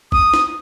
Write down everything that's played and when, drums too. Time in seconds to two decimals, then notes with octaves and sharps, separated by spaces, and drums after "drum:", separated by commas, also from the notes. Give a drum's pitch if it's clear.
0.12 D#6, drum: kick G1
0.34 drum: snare